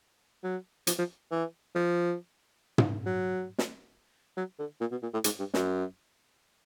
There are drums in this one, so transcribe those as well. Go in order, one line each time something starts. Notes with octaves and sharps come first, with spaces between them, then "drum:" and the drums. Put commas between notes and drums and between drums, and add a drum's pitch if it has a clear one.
F#3
F3, drum: hi-hat
F3
E3
F3
drum: tom
F#3
drum: snare
F#3
D3
A#2
B2
A#2
A2
G#2, drum: hi-hat
G2
F#2, drum: snare